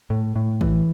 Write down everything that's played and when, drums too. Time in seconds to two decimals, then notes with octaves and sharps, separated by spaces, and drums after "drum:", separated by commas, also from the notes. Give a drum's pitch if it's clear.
0.10 A2
0.36 A2
0.61 E3, drum: kick A1